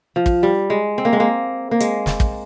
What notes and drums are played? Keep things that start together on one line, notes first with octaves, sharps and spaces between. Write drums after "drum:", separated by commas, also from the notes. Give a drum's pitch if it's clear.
F3
drum: kick
G3
G#3
C4
A#3
G#3
A#3
A#3
G#3, drum: hi-hat
drum: snare
drum: kick